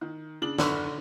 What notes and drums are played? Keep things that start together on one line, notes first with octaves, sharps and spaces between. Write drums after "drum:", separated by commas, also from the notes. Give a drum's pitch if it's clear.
D#3
C#3 D4 F#7
F#2 D3 B4 C#6, drum: snare